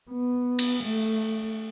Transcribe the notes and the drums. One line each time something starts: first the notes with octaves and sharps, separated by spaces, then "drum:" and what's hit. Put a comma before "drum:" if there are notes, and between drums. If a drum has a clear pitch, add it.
B3
drum: cymbal
A3